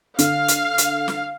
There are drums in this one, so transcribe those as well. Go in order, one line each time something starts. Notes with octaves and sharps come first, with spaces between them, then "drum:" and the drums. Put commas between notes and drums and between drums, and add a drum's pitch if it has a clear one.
D3 F5, drum: hi-hat
drum: hi-hat
drum: hi-hat
drum: snare